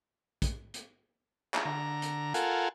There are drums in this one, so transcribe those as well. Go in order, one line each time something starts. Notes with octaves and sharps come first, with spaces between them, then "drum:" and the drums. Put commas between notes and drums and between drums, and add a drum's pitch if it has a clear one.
drum: kick, hi-hat
drum: hi-hat
drum: clap
D3 A#5
drum: hi-hat
F4 A4 A#4 F#5 G#5, drum: hi-hat